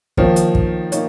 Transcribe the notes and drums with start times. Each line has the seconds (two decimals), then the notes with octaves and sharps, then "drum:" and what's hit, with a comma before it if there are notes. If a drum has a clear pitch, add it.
0.17 D#3 F3 A#3 D#4 C#5, drum: kick
0.36 drum: hi-hat
0.55 drum: kick
0.92 A#3 D#4 C#5, drum: hi-hat